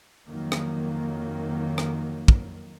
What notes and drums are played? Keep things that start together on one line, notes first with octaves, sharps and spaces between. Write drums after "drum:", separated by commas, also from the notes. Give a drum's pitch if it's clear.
F2 D#3 F#3 A#3
drum: rim click
drum: rim click
drum: kick